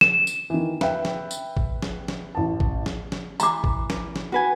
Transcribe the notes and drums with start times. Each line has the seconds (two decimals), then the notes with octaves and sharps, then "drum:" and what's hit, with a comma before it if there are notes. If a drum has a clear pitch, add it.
0.01 E7, drum: snare
0.27 drum: tambourine
0.50 D#3 E3
0.81 B4 E5 G5, drum: snare
1.05 drum: snare
1.31 drum: tambourine
1.57 drum: kick G#1
1.82 drum: snare
2.08 drum: snare
2.35 A1 A5
2.60 drum: kick G#1
2.86 drum: snare
3.12 drum: snare
3.40 E3 A#5 D6, drum: tambourine
3.64 drum: kick G#1
3.90 drum: snare
4.16 drum: snare
4.32 F#4 B4 G#5